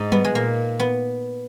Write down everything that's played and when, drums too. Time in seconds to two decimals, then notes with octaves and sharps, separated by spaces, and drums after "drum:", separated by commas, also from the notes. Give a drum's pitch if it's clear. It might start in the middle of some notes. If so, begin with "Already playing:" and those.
Already playing: G#2 D#4
0.12 B3, drum: tom F#3
0.25 G#3
0.35 A#2 A#3
0.79 B3